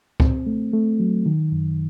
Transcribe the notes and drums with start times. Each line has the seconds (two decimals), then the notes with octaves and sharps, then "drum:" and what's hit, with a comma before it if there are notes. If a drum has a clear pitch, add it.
0.20 C4, drum: kick C#2
0.46 A3
0.73 A3
1.00 F#3
1.26 D#3
1.52 F#2